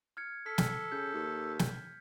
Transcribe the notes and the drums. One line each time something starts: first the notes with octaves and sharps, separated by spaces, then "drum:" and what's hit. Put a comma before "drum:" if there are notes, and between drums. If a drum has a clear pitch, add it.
F6 G#6 C#7
A4 F6 B6
drum: snare
C#3 G6
D#2
drum: snare